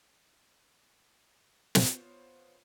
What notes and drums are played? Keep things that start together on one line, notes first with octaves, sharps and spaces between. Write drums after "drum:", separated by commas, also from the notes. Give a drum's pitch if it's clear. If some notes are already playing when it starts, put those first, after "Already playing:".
B3 F4 C5 C#5, drum: snare